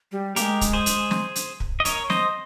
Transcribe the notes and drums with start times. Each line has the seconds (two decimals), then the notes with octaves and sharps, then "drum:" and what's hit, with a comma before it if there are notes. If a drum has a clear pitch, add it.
0.12 G3
0.36 G#3 A#3 G4 A#4, drum: hi-hat
0.61 drum: kick, hi-hat
0.73 G#4 C5
0.86 drum: hi-hat
1.11 drum: snare
1.36 drum: hi-hat
1.60 drum: kick
1.80 D#5
1.85 A#4 C#5, drum: hi-hat
2.10 C5 D#5, drum: snare